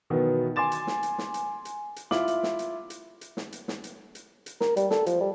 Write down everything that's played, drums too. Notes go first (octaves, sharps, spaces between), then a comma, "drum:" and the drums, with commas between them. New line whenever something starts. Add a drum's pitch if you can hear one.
B2 D#3 E3 F#3 B3
G#5 C6 D6 A6 E7
drum: hi-hat
drum: snare
drum: hi-hat
drum: snare
drum: hi-hat
drum: hi-hat
drum: hi-hat
E4 F4 D6 F#7, drum: snare
drum: hi-hat
drum: snare
drum: hi-hat
drum: hi-hat
drum: hi-hat
drum: snare
drum: hi-hat
drum: snare
drum: hi-hat
drum: hi-hat
drum: hi-hat
A#4, drum: snare
G3, drum: hi-hat
A4, drum: snare
F3, drum: hi-hat
G3